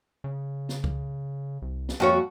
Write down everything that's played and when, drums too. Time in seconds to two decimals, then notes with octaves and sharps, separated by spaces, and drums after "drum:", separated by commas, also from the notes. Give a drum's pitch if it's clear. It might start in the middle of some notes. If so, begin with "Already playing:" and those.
0.24 C#3
0.69 drum: snare
0.84 drum: kick C#2
1.62 C2
1.89 drum: snare
2.00 F2 A#3 F#4 C#5